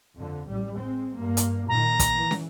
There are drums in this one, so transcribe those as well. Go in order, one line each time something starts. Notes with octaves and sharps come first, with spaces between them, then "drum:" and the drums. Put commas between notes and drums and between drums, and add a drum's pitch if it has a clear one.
F2 D3
A1 G3
G#3 C4
G2 A#3
drum: hi-hat
A#2 D#3 A#5
drum: kick, hi-hat
E3
drum: snare